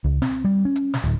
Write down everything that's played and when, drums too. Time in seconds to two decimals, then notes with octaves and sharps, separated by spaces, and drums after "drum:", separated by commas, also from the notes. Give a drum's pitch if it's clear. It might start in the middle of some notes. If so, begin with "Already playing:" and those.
0.04 C#2
0.22 C4, drum: snare
0.44 G3
0.65 C#4
0.76 drum: hi-hat
0.94 drum: snare
1.04 D1